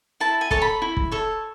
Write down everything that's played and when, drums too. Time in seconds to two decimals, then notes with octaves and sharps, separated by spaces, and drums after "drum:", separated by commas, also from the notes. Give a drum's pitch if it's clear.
0.20 E4 A5
0.41 G#5
0.51 A4 C#5 A5, drum: kick
0.62 B5
0.82 E4
0.97 drum: kick
1.11 A4 C#5